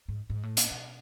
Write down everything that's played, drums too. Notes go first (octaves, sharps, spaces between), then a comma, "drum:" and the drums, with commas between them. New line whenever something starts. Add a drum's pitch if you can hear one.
G#2
G#2
A2
A#2, drum: hi-hat
B2